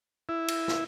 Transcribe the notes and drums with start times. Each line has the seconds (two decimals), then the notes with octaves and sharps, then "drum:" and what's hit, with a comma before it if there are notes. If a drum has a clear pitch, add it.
0.29 E4
0.48 drum: cymbal
0.68 drum: snare